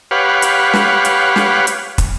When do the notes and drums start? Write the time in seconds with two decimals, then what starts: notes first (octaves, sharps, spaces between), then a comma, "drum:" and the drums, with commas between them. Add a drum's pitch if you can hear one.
0.11 G4 B4 C#5 F5 F#5
0.42 drum: hi-hat
0.73 drum: snare
1.05 drum: hi-hat
1.36 drum: snare
1.67 drum: hi-hat
1.98 drum: kick, hi-hat